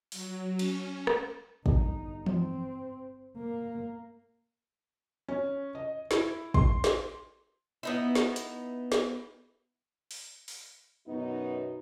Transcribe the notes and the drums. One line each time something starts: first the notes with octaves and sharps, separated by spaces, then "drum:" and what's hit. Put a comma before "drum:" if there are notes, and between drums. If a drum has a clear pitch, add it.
F#3, drum: open hi-hat
C#4, drum: cymbal
drum: rim click
G1 D#4, drum: kick
C4, drum: tom E3
A#3
C#4
D#5
E4, drum: snare
C6, drum: kick
drum: snare
B3 D#4 E4
drum: snare
drum: hi-hat
drum: snare
drum: open hi-hat
drum: open hi-hat
F#2 B2 B3 D#4